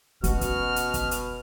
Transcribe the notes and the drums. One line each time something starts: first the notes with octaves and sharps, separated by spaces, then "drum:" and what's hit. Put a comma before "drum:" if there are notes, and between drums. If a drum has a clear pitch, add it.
B2 C#4 F#4 F6, drum: hi-hat
drum: kick, hi-hat
drum: hi-hat
drum: kick, hi-hat
drum: hi-hat